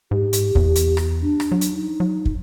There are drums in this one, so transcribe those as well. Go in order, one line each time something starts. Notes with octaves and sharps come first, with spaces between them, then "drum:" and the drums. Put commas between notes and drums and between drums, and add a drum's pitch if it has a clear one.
G#2 G4
drum: hi-hat
E2, drum: kick
drum: hi-hat
drum: rim click
D4
drum: rim click
F#3
drum: hi-hat
D#4
F#3
drum: kick